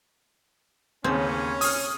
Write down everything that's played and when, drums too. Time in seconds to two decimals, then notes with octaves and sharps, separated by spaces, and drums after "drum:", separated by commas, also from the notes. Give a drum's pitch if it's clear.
1.04 D#2 C#3 C4 C#4
1.61 D#6 F6, drum: open hi-hat